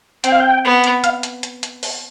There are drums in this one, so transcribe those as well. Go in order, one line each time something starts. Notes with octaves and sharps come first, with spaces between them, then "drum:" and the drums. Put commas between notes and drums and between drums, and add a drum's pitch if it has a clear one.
C4 G5, drum: hi-hat
F5
G5
B3
drum: hi-hat
F5, drum: hi-hat
drum: hi-hat
drum: hi-hat
drum: hi-hat
drum: open hi-hat